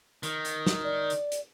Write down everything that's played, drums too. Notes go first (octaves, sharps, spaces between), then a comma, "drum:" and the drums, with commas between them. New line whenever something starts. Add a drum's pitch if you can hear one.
D#3, drum: hi-hat
drum: hi-hat
drum: snare
D5
drum: hi-hat
drum: hi-hat